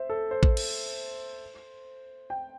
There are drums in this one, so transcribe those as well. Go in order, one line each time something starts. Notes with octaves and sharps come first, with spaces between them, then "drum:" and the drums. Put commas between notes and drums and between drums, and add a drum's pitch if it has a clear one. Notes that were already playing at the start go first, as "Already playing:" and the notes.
Already playing: C5 E5
A4
C5
drum: kick A1
drum: cymbal
G5